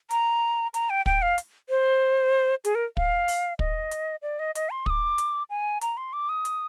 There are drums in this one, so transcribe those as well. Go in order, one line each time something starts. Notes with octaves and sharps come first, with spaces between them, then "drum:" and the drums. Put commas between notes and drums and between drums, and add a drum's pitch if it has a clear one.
A#5, drum: hi-hat
A#5, drum: hi-hat
G5
G5, drum: kick
F5
drum: hi-hat
C5
G#4, drum: hi-hat
A#4
F5, drum: kick
drum: open hi-hat
D#5, drum: kick
drum: hi-hat
D5
D#5
D#5, drum: hi-hat
C6
D#6, drum: kick
D6
drum: hi-hat
G#5
A#5, drum: hi-hat
C6
D6
D#6
drum: hi-hat